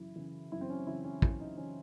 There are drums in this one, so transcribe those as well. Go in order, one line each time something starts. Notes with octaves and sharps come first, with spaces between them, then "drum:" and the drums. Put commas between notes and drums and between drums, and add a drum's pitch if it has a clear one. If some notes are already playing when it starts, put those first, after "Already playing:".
Already playing: F#2 C#3 E3 E4
C#3 E3
F#2 E4
C4
C#4
C#3 E3 E4
C#4
F#2 E4, drum: kick
D#4
C#3 E3 C#4